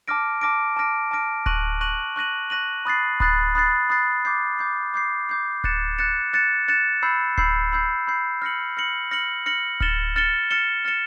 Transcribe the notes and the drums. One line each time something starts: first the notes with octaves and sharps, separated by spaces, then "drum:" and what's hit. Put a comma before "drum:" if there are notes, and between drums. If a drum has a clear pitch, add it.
A5 D6 F6 A#6 D7
A5 D6 F6 A#6 D7
A5 D6 F6 A#6 D7
A5 D6 F6 A#6 D7
C#6 F#6 A#6 D#7 F#7, drum: kick D1
C#6 F#6 A#6 D#7 F#7
C#6 F#6 A#6 D#7 F#7
C#6 F#6 A#6 D#7 F#7
B5 D#6 F#6 A6 C7
B5 D#6 F#6 A6 C7, drum: kick D1
B5 D#6 F#6 A6 C7
B5 D#6 F#6 A6 C7
D6 G6 C7
D6 G6 C7
D6 G6 C7
D6 G6 C7
F#6 A6 C#7 E7, drum: kick D1
F#6 A6 C#7 E7
F#6 A6 C#7 E7
F#6 A6 C#7 E7
B5 E6 G6 C7
B5 E6 G6 C7, drum: kick D1
B5 E6 G6 C7
B5 E6 G6 C7
F6 A#6 C#7 F#7
F6 A#6 C#7 F#7
F6 A#6 C#7 F#7
F6 A#6 C#7 F#7
F6 A6 C#7 E7 G7, drum: kick D1
F6 A6 C#7 E7 G7
F6 A6 C#7 E7 G7
F6 A6 C#7 E7 G7